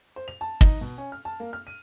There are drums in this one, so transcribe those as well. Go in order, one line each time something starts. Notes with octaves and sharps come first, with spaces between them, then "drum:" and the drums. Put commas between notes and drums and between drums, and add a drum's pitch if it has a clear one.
C5
F7
A5
D#4, drum: kick
B2
C#4
F6
A5
A#3
F6
D#7